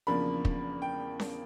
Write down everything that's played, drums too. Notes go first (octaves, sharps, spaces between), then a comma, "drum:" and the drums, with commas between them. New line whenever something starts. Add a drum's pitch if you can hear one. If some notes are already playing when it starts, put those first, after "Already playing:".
E2 C#3 F3 A#3 D4 B5
drum: kick
G5
drum: snare C#4